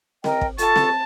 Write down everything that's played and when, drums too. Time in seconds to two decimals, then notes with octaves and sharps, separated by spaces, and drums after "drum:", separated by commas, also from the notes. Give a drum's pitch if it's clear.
0.24 A#4 D#5 G5, drum: snare C4
0.41 drum: kick
0.58 F4 A4 A5 C#6, drum: hi-hat
0.76 drum: snare C4